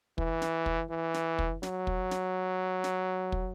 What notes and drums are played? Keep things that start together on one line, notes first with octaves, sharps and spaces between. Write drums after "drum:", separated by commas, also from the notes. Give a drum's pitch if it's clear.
E3, drum: kick
drum: snare
drum: kick
E3
drum: snare
drum: kick
F#3, drum: snare
drum: kick
drum: snare
drum: snare
drum: kick